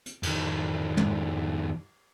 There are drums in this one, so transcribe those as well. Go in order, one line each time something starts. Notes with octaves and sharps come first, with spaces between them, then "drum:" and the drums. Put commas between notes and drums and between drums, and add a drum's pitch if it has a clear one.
drum: hi-hat
F2 D#3, drum: cymbal
drum: tom